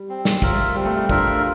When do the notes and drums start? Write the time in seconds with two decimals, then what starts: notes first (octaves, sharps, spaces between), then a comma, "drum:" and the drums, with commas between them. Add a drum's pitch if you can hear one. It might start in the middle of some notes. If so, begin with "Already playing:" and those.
Already playing: G3
0.09 C4
0.25 drum: snare
0.42 F4 A#4 E5, drum: kick
0.75 G3 C4
0.85 A3
0.96 G3
1.09 D4 F4 A#4 E5, drum: kick